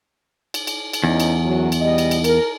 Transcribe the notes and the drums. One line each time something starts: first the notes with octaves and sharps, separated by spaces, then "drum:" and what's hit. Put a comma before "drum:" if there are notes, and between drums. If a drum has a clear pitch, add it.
drum: cymbal
drum: cymbal
drum: cymbal
E2 E3 C#4 D#4
drum: cymbal
F#2 F#3
drum: cymbal
B2 G3 D#5
drum: cymbal
drum: cymbal
A#4, drum: cymbal